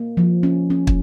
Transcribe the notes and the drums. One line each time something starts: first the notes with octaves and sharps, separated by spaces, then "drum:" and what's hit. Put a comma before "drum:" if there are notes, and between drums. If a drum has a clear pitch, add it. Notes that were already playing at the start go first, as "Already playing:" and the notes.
Already playing: A#3
F3
C#4
C#4
drum: kick